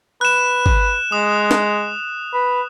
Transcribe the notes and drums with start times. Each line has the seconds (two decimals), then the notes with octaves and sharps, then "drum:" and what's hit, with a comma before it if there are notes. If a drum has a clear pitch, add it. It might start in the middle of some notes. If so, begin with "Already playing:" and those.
0.21 B4 F#6 E7
0.66 drum: kick
1.12 G#3 D#6
1.51 drum: snare
2.34 B4